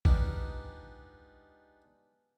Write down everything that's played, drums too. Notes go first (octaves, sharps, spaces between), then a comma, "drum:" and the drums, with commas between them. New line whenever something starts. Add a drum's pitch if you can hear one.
G#3 B3 D4 D#4 F4 G4, drum: kick